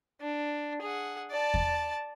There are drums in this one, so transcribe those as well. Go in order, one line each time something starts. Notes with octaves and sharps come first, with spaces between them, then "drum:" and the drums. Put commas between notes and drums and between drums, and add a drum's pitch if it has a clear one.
D4
G#4 F#5
D5 A5
drum: kick E2